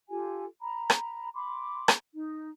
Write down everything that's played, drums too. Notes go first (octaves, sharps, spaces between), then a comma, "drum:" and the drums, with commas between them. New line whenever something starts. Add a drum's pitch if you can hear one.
F4 G4 A4 G#5
A#5 B5
drum: rim click
B5 C6 D6
drum: rim click
D#4